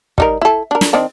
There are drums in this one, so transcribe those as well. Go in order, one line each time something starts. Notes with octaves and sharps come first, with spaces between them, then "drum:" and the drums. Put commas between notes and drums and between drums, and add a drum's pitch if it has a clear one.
G3 D#4 A#4, drum: kick
E4 A4
D4 A#4
drum: snare
D#3 C4 D4